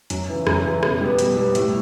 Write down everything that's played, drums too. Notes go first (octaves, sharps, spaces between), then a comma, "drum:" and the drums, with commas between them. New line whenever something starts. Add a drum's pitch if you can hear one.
F#2, drum: hi-hat
C#3 E3
F#2, drum: rim click
C#3 E3
B2, drum: rim click
G3 B3
B2, drum: hi-hat
G3 B3
A2, drum: hi-hat